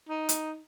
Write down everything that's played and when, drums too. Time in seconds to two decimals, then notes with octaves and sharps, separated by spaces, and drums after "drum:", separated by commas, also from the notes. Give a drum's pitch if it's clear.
0.09 D#4
0.29 drum: hi-hat